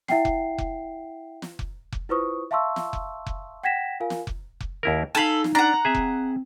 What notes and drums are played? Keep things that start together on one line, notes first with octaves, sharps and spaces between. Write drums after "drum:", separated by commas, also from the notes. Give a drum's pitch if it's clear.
E4 E5 F#5 G5 C7, drum: snare
drum: kick F1
drum: kick F1
drum: snare
drum: kick F1
drum: kick F1
E4 F4 B4 C5 C#6 D#6
E5 F5 A5 C6 C#6 E6
drum: snare
drum: kick F1
drum: kick F1
F#5 G5 G#6 A#6 B6 E7
F4 A#4 F5 G#5
drum: snare
drum: kick F1
drum: kick F1
D#2 E4 A#4
D#4 A4 F5 G#5 B5
drum: snare
D4 F#5 A#5
C4 G#4 E5
drum: kick F1